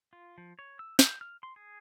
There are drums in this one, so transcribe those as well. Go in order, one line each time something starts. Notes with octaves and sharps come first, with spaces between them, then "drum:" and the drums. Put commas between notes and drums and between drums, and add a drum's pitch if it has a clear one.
F4
F3
C#5
E6
G6, drum: snare
F6
C6
G#4